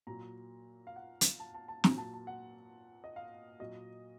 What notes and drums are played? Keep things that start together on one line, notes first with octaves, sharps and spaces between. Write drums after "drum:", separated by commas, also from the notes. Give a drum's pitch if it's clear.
A#2 F#3 A#5
F5
F#5
drum: hi-hat
A5
A5
A5
A#2 F#3 A#5, drum: snare
A5
A5
F#5
D#5
F5
A#2 F#3 D#5